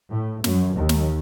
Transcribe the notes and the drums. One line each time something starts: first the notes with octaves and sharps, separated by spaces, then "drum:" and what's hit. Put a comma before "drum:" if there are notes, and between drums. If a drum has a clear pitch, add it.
A2
F#2, drum: snare
D#2
drum: snare